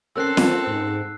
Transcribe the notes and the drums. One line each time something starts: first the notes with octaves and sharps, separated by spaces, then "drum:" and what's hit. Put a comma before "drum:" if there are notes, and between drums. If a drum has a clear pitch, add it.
C4 C#4 A4 A#4 E6 F#6 C7
drum: snare
G#2